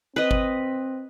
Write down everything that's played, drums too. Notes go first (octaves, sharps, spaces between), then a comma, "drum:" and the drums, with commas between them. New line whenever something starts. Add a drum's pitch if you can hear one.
C4 B4 D#5
drum: kick G1